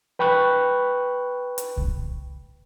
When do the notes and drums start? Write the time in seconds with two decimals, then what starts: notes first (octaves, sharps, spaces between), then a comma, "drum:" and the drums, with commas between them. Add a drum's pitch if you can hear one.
0.19 B4 G5 B5 C#6 F#6
1.58 drum: hi-hat
1.77 drum: kick C2